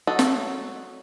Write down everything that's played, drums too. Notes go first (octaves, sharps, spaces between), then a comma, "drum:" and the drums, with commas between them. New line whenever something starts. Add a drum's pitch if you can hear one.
F#3 F#4 A4 D#5
drum: snare